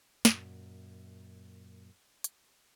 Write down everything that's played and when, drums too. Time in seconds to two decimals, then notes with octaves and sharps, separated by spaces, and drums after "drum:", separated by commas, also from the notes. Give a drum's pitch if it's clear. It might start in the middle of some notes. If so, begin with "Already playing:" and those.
0.25 F#2 A#2, drum: snare
2.24 drum: hi-hat